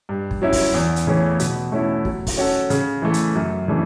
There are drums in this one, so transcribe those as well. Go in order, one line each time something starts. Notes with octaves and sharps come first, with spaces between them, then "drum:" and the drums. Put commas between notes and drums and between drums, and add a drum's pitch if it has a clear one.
G2
drum: kick
F#3 C#4 E4
drum: kick, open hi-hat
E2
drum: hi-hat
C#3 E3 A3 C#4
B2, drum: hi-hat
A3 C#4 E4
F#3, drum: kick
drum: kick, open hi-hat
C#4 F#4 A4
C#3, drum: hi-hat
E3 A3
drum: hi-hat
F#2
C#3 E3 A3 D4